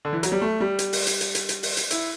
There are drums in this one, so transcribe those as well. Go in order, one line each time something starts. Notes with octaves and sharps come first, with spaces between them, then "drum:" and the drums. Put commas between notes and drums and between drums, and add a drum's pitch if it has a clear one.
D3
E3
F#3, drum: hi-hat
G3
A3
G3
drum: hi-hat
drum: open hi-hat
drum: hi-hat
drum: hi-hat
drum: hi-hat
drum: hi-hat
drum: open hi-hat
drum: hi-hat
E4, drum: hi-hat